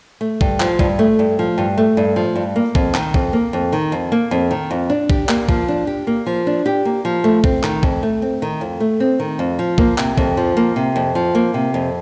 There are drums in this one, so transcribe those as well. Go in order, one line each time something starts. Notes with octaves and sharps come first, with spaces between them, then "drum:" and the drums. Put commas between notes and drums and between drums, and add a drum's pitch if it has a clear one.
A3
G2, drum: kick A#1
F3, drum: clap
G2, drum: kick A#1
A3
G2
F3
G2
A3
G2
F3
G2
A#3
F2, drum: kick A#1
D#3, drum: clap
F2, drum: kick A#1
A#3
F2
D#3
F2
A#3
F2
D#3
F2
D4
G4, drum: kick A#1
A#3, drum: clap
F3, drum: kick A#1
D4
G4
A#3
F3
D4
G4
A#3
F3
A3
C4, drum: kick A#1
D#3, drum: clap
F2, drum: kick A#1
A3
C4
D#3
F2
A3
C4
D#3
F2
F3
A#3, drum: kick A#1
C3, drum: clap
F2, drum: kick A#1
F3
A#3
C3
F2
F3
A#3
C3
F2